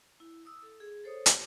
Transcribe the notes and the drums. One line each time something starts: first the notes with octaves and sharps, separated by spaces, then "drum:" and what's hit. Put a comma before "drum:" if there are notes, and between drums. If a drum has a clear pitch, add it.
E4
D#6 E6
A4
G#4
A4 C5 C#5 D#6
G4 C#5, drum: hi-hat